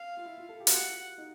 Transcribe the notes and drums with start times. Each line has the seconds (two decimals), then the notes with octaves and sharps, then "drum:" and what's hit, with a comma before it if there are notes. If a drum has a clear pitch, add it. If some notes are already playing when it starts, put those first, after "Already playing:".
Already playing: F5
0.17 F4
0.25 E4
0.38 F4
0.49 A4
0.60 G4
0.67 F#4, drum: hi-hat
0.71 F4 F#5
1.18 D#4